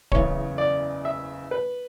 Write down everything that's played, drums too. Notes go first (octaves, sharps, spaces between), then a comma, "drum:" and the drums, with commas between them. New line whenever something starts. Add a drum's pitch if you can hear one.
F#1 E2 C#3 C#5, drum: kick D1
D5
E5
B4